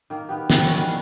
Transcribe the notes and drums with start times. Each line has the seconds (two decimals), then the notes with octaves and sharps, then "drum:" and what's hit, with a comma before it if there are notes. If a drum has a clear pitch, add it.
0.10 D#3 A#3
0.29 D#3 B3 G4
0.50 E3 F#3 G3 C4, drum: snare
0.65 E4 F#4 C#5
0.78 D#3 G3 F#5